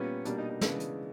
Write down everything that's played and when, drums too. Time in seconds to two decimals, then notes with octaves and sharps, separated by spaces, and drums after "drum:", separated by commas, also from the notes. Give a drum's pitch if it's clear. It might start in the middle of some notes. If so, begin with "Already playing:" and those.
Already playing: A#2 G3 B3 C#4
0.25 B2 G3 A#3 D4, drum: hi-hat
0.38 D#4
0.50 D#4
0.61 C#3 E3 G#3 B3 D4, drum: snare
0.80 drum: hi-hat